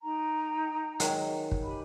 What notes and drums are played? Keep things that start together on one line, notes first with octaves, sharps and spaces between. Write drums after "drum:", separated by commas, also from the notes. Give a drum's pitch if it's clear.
D#4 G5 A#5
D#3 F#3 G#3, drum: hi-hat
drum: kick
G4 G#5 B5